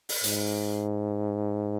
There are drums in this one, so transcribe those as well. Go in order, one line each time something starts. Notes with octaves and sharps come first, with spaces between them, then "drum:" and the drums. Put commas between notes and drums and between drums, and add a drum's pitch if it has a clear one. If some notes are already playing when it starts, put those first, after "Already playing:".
drum: open hi-hat
G#2, drum: hi-hat